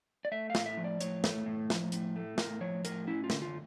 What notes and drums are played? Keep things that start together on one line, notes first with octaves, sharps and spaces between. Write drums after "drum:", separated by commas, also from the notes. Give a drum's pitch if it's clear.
D5
A3 E5
F5
A2, drum: snare
E5
F3
D5
A2 C#5, drum: hi-hat
A3, drum: snare
A2
F3, drum: snare
A2, drum: hi-hat
A3
A2 A#4, drum: snare
F3 C#5
A2 A#4, drum: hi-hat
C#4 E4
F4
D3, drum: snare
F4